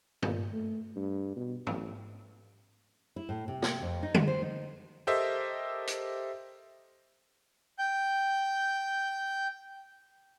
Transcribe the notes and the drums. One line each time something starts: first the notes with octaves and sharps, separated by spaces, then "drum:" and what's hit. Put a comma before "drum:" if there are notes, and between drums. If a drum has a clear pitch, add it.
A#2, drum: tom
A3
G2
B2
A1, drum: tom
E4
A2
C3
drum: snare
F2
D#4
G#3, drum: tom D3
C5
D#4
G4 A4 A#4 C5 D#5 E5
drum: hi-hat
G5 G6